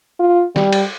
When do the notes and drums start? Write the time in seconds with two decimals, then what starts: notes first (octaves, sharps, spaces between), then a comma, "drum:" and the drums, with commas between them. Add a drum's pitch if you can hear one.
0.19 F4
0.56 G3, drum: snare
0.73 drum: cymbal